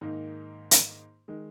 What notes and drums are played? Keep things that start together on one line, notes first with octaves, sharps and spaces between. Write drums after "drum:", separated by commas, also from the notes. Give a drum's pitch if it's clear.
G#2 D#3 A#3 D#4
drum: hi-hat
D#3 G#3